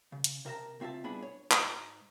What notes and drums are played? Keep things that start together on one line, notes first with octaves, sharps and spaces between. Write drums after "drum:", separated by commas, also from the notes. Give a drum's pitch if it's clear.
C#3
drum: hi-hat
C3 A#4 E5 A5 A#5
C#2 C4 F4 E5 A5
G2 B3 D4 E4 G#4 B5
C#5
G#2 A#5, drum: clap